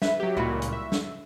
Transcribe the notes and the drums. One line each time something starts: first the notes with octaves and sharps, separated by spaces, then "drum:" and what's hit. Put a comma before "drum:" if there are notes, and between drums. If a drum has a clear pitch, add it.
B4 E5, drum: snare
F#3 G4
C#2 A#2 G3 E4 F#4
drum: hi-hat
E5
drum: snare